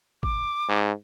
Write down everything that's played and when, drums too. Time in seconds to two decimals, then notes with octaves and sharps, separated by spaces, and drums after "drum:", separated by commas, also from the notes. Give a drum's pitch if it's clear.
0.23 D6, drum: kick G#1
0.69 G#2